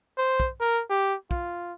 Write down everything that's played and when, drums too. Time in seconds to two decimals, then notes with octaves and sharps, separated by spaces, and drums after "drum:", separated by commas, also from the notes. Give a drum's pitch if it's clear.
0.18 C5
0.40 drum: kick
0.60 A#4
0.90 G4
1.31 F4, drum: kick